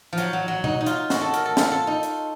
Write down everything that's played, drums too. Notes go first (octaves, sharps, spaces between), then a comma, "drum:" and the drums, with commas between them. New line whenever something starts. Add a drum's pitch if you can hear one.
F3
F#3, drum: hi-hat
F#3
F#3
D#4, drum: tom B2
D#4
F4, drum: hi-hat
F#4, drum: snare
A4
A#4, drum: hi-hat
A4
F4, drum: snare
A4
D#4
drum: hi-hat